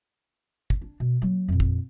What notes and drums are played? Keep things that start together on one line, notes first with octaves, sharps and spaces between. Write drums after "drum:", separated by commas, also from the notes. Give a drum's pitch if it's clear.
drum: kick
D4
B2
F#3 A#3
F2 A#2
drum: kick